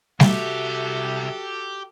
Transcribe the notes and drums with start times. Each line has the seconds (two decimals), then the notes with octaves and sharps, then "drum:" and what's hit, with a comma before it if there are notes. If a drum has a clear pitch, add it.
0.20 C2 F#4 G4 A4 E5, drum: snare G3